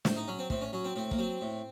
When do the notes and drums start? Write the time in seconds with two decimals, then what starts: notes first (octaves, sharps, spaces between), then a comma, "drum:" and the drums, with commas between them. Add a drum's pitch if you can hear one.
0.05 A2 C5, drum: snare
0.16 D#4
0.28 F#3 C#4
0.39 C4
0.50 A2 C4, drum: kick
0.61 C#4
0.73 F#3 C#4
0.84 C4
0.96 A2 C4
1.11 A#3, drum: kick
1.18 F#3 C4
1.41 A2